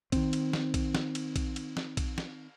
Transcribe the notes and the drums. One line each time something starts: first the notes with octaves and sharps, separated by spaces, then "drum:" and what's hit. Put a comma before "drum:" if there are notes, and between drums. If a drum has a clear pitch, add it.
D#3 C4, drum: kick A#1, cymbal
drum: cymbal
drum: snare
drum: kick A#1, cymbal
drum: snare
drum: cymbal
drum: kick A#1, cymbal
drum: cymbal
drum: snare
drum: kick A#1, cymbal
drum: snare